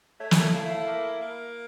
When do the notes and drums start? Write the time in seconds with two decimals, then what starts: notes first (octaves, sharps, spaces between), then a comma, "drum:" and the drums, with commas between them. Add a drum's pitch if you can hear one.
0.20 A3 C#5 E5
0.31 drum: snare
0.53 E4 F5 A5
0.70 F5 A5
0.87 A#3
1.21 A#3